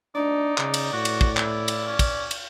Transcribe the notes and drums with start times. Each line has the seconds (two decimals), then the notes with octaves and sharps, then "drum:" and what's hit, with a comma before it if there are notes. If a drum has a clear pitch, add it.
0.15 D4 D#4 D5
0.58 C#3, drum: clap
0.74 drum: cymbal
0.93 A2 F#4
1.05 drum: cymbal
1.21 drum: kick
1.37 E4, drum: clap
1.68 drum: cymbal
1.87 C#4
1.99 drum: kick, cymbal
2.31 drum: cymbal